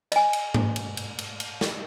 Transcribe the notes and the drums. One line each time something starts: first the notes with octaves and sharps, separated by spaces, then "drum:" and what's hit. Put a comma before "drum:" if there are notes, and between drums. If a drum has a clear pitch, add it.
D#5 G#5, drum: cymbal
drum: cymbal
drum: tom G#2
drum: cymbal
drum: cymbal
drum: cymbal
drum: cymbal
drum: snare